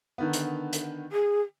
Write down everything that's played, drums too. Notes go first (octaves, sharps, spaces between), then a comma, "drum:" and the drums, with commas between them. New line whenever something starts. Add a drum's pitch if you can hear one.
D3 D#3 B3
drum: hi-hat
drum: hi-hat
G#4